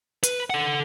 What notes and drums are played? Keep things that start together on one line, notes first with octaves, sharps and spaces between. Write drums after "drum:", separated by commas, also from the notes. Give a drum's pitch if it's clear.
B4, drum: hi-hat
A4 F#5